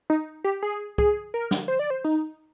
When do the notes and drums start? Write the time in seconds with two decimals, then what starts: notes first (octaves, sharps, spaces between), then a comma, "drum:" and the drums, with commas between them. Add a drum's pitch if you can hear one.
0.10 D#4
0.44 G4
0.63 G#4
0.98 G#4, drum: kick
1.34 A#4
1.51 drum: snare
1.68 C5
1.79 D5
1.90 C5
2.04 D#4